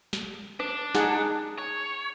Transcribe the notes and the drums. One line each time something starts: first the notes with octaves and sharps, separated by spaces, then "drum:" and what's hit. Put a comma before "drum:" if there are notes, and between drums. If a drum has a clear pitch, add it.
drum: snare
D4, drum: rim click
D#4 G#4 F#5, drum: snare
C#5